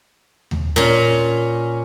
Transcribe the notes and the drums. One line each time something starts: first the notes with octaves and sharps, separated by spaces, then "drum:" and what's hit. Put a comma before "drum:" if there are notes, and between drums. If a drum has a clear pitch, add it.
drum: tom D#2
A#2 C#4